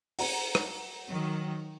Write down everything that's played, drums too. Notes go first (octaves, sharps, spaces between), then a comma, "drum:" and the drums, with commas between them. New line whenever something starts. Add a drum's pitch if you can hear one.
F#5 A#5, drum: open hi-hat
drum: rim click
D#3 F#3